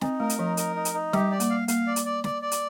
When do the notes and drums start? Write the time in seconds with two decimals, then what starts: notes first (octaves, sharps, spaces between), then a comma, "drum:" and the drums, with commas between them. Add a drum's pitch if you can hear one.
0.01 C4 D#4, drum: snare
0.20 A3 A#4
0.29 drum: hi-hat
0.39 F3 D#4
0.57 A#4, drum: hi-hat
0.76 D#4
0.85 drum: hi-hat
0.94 D#4
1.13 G3 G4, drum: snare
1.31 D5
1.40 A#3, drum: hi-hat
1.50 F5
1.68 A#3 F5, drum: hi-hat
1.87 D5
1.96 drum: hi-hat
2.05 D5
2.24 D5, drum: snare
2.42 D5
2.51 drum: hi-hat